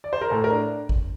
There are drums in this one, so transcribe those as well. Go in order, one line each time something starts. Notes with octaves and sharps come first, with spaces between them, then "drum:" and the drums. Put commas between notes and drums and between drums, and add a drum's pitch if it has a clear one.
D5
C5
A#4
A2 A4
A#4
D4
drum: kick G#1